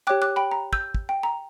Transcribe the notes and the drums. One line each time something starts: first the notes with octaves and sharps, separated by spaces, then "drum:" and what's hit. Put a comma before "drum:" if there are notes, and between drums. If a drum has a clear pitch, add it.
G4 C#5 G5 D6 F#6
D6 F#6
G5 B5
A#5
E6 G6, drum: kick
drum: kick
G5
A#5